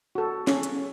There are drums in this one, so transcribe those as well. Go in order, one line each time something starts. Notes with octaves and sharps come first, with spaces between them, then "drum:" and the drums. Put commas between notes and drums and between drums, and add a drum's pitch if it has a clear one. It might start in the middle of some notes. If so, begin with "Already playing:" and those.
F#4 A4
C#4, drum: snare
drum: hi-hat